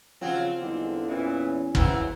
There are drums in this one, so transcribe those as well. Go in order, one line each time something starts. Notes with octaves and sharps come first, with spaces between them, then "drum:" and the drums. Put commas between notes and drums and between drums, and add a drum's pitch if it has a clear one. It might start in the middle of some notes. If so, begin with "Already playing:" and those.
C#3 F3 F#3 C4 F4
E2 D3 G3 G#3 D#4
A#2 E3 C#4
F#2 C#3 E3 F#3 C4 E4, drum: kick